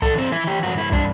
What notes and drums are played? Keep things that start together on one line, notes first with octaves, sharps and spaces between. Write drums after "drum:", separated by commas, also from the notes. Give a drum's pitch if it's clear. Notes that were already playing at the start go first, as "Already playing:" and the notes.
E3 A4, drum: kick, hi-hat
C4
E3 E4, drum: hi-hat
G4
G2 F#4, drum: hi-hat
E4
E3 D4, drum: kick, hi-hat